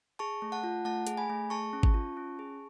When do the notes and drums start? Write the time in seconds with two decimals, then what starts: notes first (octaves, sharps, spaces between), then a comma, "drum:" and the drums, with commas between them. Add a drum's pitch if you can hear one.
0.19 G#4 A5 C#6
0.42 A3
0.52 F#5 A5
0.64 F4
0.85 A3 F#5 A5
1.07 G#4, drum: hi-hat
1.17 G#5 B5
1.30 A3
1.50 G#4 A5 C#6
1.73 C#4
1.83 drum: kick G#1
1.94 F4
2.17 C#4
2.39 G#4